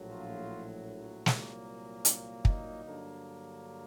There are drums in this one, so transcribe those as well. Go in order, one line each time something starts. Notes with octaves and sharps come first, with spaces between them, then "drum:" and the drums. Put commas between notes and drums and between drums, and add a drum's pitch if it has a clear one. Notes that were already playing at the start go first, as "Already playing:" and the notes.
Already playing: A#1 A2 F#3
F4
C2 A#2 F#3 A#3, drum: snare
D4, drum: hi-hat
D#4, drum: kick
G2 D3 F#3 A#3